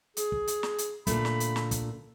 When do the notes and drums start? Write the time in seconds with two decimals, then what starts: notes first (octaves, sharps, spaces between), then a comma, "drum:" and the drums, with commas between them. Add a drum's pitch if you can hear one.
0.17 G#4, drum: hi-hat
0.32 drum: kick
0.48 drum: hi-hat
0.63 drum: snare
0.78 drum: hi-hat
1.07 A#2 D3 A3 B5, drum: kick, hi-hat
1.25 drum: snare
1.40 drum: hi-hat
1.56 drum: snare
1.71 drum: kick, hi-hat